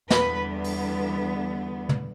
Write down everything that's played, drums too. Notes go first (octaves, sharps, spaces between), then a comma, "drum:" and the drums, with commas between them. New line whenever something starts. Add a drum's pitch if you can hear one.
E2 D3 G3 B3 B4, drum: snare
drum: open hi-hat
drum: tom